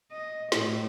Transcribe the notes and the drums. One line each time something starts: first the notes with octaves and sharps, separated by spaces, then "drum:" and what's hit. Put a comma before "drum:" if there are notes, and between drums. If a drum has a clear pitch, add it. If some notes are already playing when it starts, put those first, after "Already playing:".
D#5
A2, drum: snare